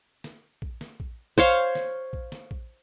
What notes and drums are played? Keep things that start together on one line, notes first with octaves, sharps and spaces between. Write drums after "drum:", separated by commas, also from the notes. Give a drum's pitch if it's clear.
drum: snare
drum: kick A#1
drum: snare
drum: kick A#1
C5 C#5 F5, drum: kick A#1
drum: snare
drum: kick A#1
drum: snare
drum: kick A#1